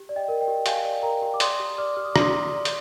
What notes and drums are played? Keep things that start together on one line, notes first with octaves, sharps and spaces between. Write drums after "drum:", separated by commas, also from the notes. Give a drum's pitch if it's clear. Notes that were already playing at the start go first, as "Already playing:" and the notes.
Already playing: G4
D5
D#5 G5
A#4
D#5 G5
G4
G4 F5 G#5, drum: hi-hat
D5
A#4 G5 A#5
G4
D6
D5 C6 D#6, drum: hi-hat
G4
D5 D6 F6
G4 F6
D#6
D6
D5, drum: rim click
C6 D#6
G4
D5
drum: hi-hat